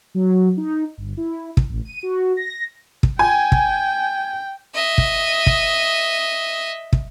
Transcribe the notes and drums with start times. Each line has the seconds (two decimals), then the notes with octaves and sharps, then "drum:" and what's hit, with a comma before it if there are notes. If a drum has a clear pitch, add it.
0.15 F#3
0.57 D#4
0.98 G1
1.17 E4
1.57 drum: kick
1.69 A1
1.85 D#7
2.03 F#4
2.37 A#6
3.03 drum: kick
3.19 G5 G#5
3.52 drum: kick
4.75 D#5 E5
4.98 drum: kick
5.47 drum: kick
6.93 drum: kick